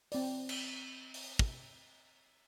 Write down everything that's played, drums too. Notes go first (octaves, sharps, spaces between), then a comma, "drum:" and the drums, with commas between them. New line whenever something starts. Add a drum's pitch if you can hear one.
C4 D5, drum: open hi-hat
drum: cymbal
drum: open hi-hat
drum: kick